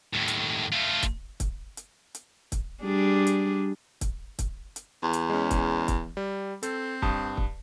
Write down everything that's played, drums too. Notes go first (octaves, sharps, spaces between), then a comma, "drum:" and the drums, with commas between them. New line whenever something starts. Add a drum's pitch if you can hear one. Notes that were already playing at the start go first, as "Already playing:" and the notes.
D#2 A2
drum: hi-hat
A3 F4
drum: kick, hi-hat
drum: kick, hi-hat
drum: hi-hat
drum: hi-hat
drum: kick, hi-hat
G3 D4 G#4
drum: hi-hat
drum: kick, hi-hat
drum: kick, hi-hat
drum: hi-hat
E2
drum: hi-hat
G#3 C#4
drum: kick, hi-hat
drum: kick, hi-hat
G3
C4 A4, drum: hi-hat
G2 A5 D#6, drum: kick
drum: kick